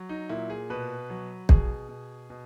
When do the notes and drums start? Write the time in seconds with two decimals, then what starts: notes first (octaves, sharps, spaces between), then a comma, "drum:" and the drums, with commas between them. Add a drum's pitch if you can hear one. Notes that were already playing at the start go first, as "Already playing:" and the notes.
Already playing: F#3
0.09 D#4
0.29 A#2 E4
0.50 G#4
0.70 B2 B4
1.10 F#3
1.49 B2 G#4, drum: kick
1.89 B2
2.30 B2